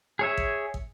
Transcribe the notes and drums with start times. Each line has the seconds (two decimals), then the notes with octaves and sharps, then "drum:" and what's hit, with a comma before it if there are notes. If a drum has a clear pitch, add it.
0.19 G#4 C#5 E5
0.38 drum: kick
0.74 drum: kick